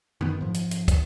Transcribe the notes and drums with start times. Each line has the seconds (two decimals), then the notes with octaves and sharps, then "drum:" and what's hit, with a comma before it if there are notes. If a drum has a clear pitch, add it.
0.21 D#3 B3, drum: tom F#2
0.41 G#2 F3
0.54 drum: hi-hat
0.71 drum: hi-hat
0.88 drum: kick, hi-hat